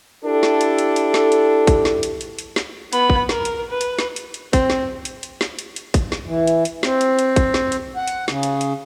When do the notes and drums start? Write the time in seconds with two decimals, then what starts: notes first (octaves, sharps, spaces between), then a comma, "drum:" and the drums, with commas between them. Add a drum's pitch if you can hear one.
0.24 D4 E4 G4 A4
0.43 drum: snare
0.61 drum: hi-hat
0.78 drum: hi-hat
0.96 drum: hi-hat
1.14 drum: snare
1.32 drum: hi-hat
1.67 drum: kick, hi-hat
1.85 drum: snare
2.03 drum: hi-hat
2.21 drum: hi-hat
2.39 drum: hi-hat
2.56 drum: snare
2.93 B3 B5, drum: hi-hat
3.10 drum: kick
3.29 A#4, drum: snare
3.45 drum: hi-hat
3.70 B4
3.81 drum: hi-hat
3.99 drum: snare
4.16 drum: hi-hat
4.34 drum: hi-hat
4.53 C4, drum: kick, hi-hat
4.70 drum: snare
5.05 drum: hi-hat
5.23 drum: hi-hat
5.41 drum: snare
5.59 drum: hi-hat
5.76 drum: hi-hat
5.94 drum: kick, hi-hat
6.12 drum: snare
6.25 E3
6.47 drum: hi-hat
6.65 drum: hi-hat
6.83 C4, drum: snare
7.01 drum: hi-hat
7.19 drum: hi-hat
7.36 drum: kick, hi-hat
7.54 drum: snare
7.72 drum: hi-hat
7.96 F#5
8.08 drum: hi-hat
8.28 C#3, drum: snare
8.43 drum: hi-hat
8.61 drum: hi-hat